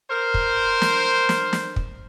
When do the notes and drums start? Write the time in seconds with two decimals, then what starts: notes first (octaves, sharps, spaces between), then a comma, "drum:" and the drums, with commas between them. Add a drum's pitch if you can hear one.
0.11 A#4 C5
0.34 drum: kick
0.82 drum: snare
1.29 drum: snare
1.53 drum: snare
1.76 drum: kick